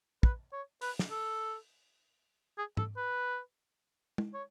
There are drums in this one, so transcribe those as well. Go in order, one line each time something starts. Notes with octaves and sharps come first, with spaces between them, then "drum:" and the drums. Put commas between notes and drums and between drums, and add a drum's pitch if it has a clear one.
B4, drum: kick
C#5
B4, drum: open hi-hat
drum: snare
A4
G#4
A4, drum: tom
B4
drum: tom
C#5